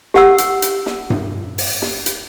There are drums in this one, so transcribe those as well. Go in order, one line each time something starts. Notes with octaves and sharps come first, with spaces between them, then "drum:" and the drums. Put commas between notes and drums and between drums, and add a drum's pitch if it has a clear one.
G4 F#5 E6, drum: snare
drum: hi-hat
drum: hi-hat
drum: snare
drum: tom G2
drum: open hi-hat
drum: snare
drum: hi-hat